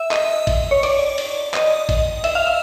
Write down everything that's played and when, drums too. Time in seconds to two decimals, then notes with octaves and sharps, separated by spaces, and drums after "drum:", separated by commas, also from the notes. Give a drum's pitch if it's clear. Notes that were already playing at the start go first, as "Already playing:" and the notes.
Already playing: E5
0.11 D#5, drum: clap
0.47 drum: kick, cymbal
0.71 C#5
0.83 D5, drum: cymbal
1.18 drum: cymbal
1.54 D#5, drum: clap
1.89 drum: kick, cymbal
2.24 E5, drum: cymbal
2.35 F5
2.47 E5